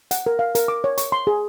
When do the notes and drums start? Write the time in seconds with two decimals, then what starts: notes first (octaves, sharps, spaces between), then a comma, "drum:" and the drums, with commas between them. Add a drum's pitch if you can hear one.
0.11 F#5, drum: hi-hat
0.26 A#4
0.39 F5
0.55 A#4, drum: hi-hat
0.68 D6
0.84 C#5
0.98 C#6, drum: hi-hat
1.12 C6
1.27 G#4